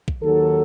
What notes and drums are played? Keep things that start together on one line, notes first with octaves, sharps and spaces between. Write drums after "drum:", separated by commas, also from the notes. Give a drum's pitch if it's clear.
drum: kick
D#2 D#3 F#3 A4